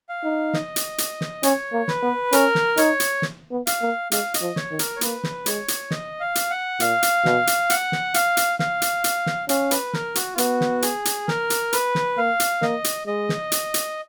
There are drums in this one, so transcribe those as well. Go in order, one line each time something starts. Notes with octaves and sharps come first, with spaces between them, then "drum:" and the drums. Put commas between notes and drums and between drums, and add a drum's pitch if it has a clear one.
F5
D#4
D#5, drum: snare
drum: hi-hat
drum: hi-hat
drum: snare
C#4 C#5, drum: hi-hat
A#3
B4, drum: snare
B3
C#4 A#4, drum: hi-hat
drum: snare
D#4 C#5, drum: hi-hat
drum: hi-hat
drum: snare
B3
F5, drum: hi-hat
A#3
G#3 F5, drum: hi-hat
D#5, drum: hi-hat
F3
C#5, drum: snare
D#3
A#4, drum: hi-hat
C#5
A#3 B4, drum: hi-hat
drum: snare
G#3 C#5, drum: hi-hat
drum: hi-hat
D#5, drum: snare
F5
drum: hi-hat
F#5
A#2 F5, drum: hi-hat
drum: hi-hat
B2, drum: snare
drum: hi-hat
F#5, drum: hi-hat
drum: snare
F5, drum: hi-hat
drum: hi-hat
F5, drum: snare
drum: hi-hat
drum: hi-hat
drum: snare
C#4 F5, drum: hi-hat
B4, drum: hi-hat
A#4, drum: snare
F#4, drum: hi-hat
F4
B3 F#4, drum: hi-hat
drum: snare
G#4, drum: hi-hat
drum: hi-hat
A#4, drum: snare
drum: hi-hat
B4, drum: hi-hat
drum: snare
A#3 F5
drum: hi-hat
A#3 D#5, drum: snare
drum: hi-hat
G#3 D#5
drum: snare
drum: hi-hat
drum: hi-hat